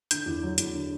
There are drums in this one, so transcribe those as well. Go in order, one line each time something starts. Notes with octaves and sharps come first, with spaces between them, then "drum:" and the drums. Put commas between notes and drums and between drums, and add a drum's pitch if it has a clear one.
D3 G6, drum: hi-hat
E2
F#3
E2, drum: hi-hat
D3